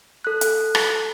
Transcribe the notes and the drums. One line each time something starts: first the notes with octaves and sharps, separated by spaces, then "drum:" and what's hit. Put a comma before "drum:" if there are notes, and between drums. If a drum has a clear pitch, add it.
A4 F#6
drum: hi-hat
drum: rim click